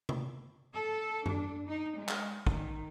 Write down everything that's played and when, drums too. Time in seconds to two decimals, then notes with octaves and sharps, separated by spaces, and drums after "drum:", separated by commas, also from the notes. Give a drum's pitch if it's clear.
0.09 drum: tom C3
0.73 A4
1.26 D4, drum: tom F#2
1.66 D#4
1.97 G#3
2.09 drum: clap
2.47 D#3, drum: kick